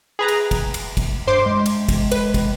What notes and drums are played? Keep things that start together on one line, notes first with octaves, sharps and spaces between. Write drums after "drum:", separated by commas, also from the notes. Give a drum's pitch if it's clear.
G#4 B4 A#5
drum: cymbal
drum: kick, cymbal
drum: cymbal
drum: kick, cymbal
G2 C5 C6 D6
G#3
drum: cymbal
drum: kick, cymbal
B4, drum: cymbal
drum: kick, cymbal